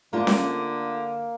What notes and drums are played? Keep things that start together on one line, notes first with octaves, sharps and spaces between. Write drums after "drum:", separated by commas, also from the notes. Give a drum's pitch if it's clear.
D3 A3 A#3 D4 F4
drum: snare C#4